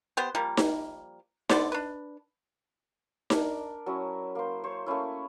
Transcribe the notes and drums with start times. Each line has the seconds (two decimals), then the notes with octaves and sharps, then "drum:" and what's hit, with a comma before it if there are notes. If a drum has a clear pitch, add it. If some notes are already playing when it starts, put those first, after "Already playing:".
0.17 B3 G4 C5
0.35 F3 G3 A#3
0.57 drum: snare D#4
1.49 D3 B3 C5 D5, drum: snare D#4
1.72 D4 B4
3.30 D4 A#4, drum: snare D#4
3.86 F#3 C#4 E4
4.35 A#3 C5
4.64 C5 C#5
4.86 A3 A#3 C#4 E4